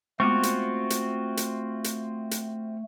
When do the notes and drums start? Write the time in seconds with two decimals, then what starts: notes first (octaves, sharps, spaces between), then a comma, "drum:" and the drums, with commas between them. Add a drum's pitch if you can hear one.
0.20 G#3 A3 B3 C4 F4 F#4 C#6 D6
0.43 drum: hi-hat
0.90 drum: hi-hat
1.37 drum: hi-hat
1.84 drum: hi-hat
2.31 drum: hi-hat